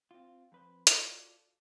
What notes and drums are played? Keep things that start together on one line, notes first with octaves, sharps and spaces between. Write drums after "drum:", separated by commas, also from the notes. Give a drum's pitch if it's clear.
C4 F4
F2 B4 C5
F4 F#4 A4 D5 F5, drum: hi-hat